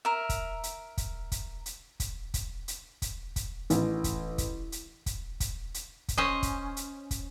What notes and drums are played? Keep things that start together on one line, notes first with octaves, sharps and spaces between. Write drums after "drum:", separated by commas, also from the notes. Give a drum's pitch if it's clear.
A#4 E5
drum: kick, hi-hat
drum: hi-hat
drum: kick, hi-hat
drum: kick, hi-hat
drum: hi-hat
drum: kick, hi-hat
drum: kick, hi-hat
drum: hi-hat
drum: kick, hi-hat
drum: kick, hi-hat
A1, drum: hi-hat
drum: kick, hi-hat
drum: kick, hi-hat
drum: hi-hat
drum: kick, hi-hat
drum: kick, hi-hat
drum: hi-hat
drum: kick, hi-hat
C#4 C5 D#5
drum: kick, hi-hat
drum: hi-hat
drum: kick, hi-hat